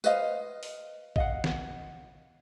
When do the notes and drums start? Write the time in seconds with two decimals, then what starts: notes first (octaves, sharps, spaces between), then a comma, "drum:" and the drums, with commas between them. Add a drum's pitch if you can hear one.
0.04 B4 C5 D#5 F5, drum: tambourine
0.63 drum: open hi-hat
1.16 D#5 F5 F#5, drum: kick
1.44 drum: snare